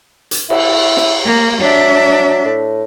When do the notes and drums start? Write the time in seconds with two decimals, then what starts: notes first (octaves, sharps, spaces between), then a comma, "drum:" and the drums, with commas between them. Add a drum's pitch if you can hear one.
0.31 drum: hi-hat
0.50 E4, drum: cymbal
0.97 drum: snare
1.25 A#3
1.61 F#3 D4 E5
2.45 A2